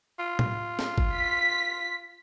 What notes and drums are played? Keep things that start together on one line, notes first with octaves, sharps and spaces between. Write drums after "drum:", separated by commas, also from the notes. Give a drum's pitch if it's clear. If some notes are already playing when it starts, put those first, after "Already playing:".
F4
drum: tom A2
drum: snare
drum: kick
B6